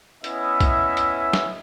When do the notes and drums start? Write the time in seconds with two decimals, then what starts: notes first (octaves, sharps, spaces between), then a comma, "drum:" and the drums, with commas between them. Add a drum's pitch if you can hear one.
0.24 B3 C#4 E4 D#5 E5, drum: hi-hat
0.60 drum: kick, hi-hat
0.97 drum: hi-hat
1.33 drum: snare